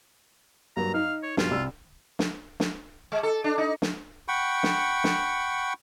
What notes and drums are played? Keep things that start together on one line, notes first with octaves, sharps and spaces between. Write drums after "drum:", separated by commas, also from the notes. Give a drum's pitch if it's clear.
G2 F#3 A#3 A#5
D#4 F5
C#5
B1 G2 F4, drum: snare
C2 D5 E6
drum: snare
drum: snare
G#3
A4
D4
D#4
drum: snare
F#5 G5 B5 C#6
drum: snare
drum: snare